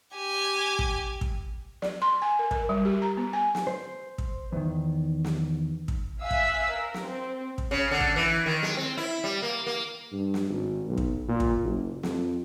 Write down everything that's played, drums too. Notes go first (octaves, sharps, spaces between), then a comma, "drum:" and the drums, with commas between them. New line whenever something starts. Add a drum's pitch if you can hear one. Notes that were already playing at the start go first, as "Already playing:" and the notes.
G4 G#5
drum: kick
drum: kick
D5, drum: snare
C6
G#5
A#4
A#4, drum: kick
G3
G4
A#5
B3
G#5
drum: snare
C5
drum: kick
E2 D#3
drum: snare
drum: kick
E5 F5 G#5 E6 F#6 B6
drum: kick
A#4
drum: snare
C4
drum: kick
C#3
D3
drum: kick
E3
D#3
G#3, drum: snare
C4
E4
G3
A#3
A#3
G2
drum: snare
G#1
B1
drum: kick
A#2
drum: kick
F#1
F2, drum: snare